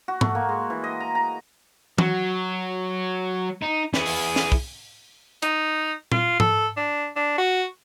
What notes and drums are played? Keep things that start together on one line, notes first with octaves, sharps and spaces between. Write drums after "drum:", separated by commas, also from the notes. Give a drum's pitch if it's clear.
F#4
A3, drum: tom G#2
A#3
G#3
E3
D#5
A#5
A#5
F#3, drum: tom E3
D#4
E3 G#4, drum: snare
drum: open hi-hat
drum: snare
drum: kick
D#4, drum: hi-hat
F4, drum: tom A#2
A4, drum: tom G#2
D4
D4
F#4